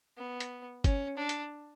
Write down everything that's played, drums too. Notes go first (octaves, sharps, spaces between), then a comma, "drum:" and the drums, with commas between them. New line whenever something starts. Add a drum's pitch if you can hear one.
B3
drum: hi-hat
C#4, drum: kick G1, hi-hat
D4
drum: hi-hat